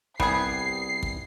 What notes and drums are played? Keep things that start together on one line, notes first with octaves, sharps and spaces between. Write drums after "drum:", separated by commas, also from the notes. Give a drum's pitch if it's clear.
C2 G3 B3 G#4 C7, drum: kick
drum: kick